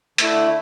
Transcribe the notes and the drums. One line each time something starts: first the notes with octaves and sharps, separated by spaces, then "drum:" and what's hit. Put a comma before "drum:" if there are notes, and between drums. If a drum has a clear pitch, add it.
D3 A3 E4, drum: hi-hat